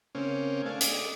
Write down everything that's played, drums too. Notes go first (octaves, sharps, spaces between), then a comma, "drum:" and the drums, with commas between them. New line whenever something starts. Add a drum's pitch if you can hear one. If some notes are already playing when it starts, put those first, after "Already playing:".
C#3 A#3 C4 C#4
A3 D4 F5 G#5
D5 D#5, drum: hi-hat